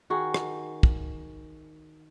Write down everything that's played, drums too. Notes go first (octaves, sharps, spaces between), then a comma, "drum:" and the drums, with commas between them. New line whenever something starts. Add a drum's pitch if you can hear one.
D#3 F#4 G#4
drum: rim click
drum: kick